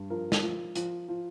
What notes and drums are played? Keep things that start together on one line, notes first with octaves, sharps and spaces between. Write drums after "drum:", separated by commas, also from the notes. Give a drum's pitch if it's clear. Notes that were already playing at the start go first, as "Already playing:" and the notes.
Already playing: G2
F3 A#4
drum: snare
F3
F3, drum: hi-hat
F3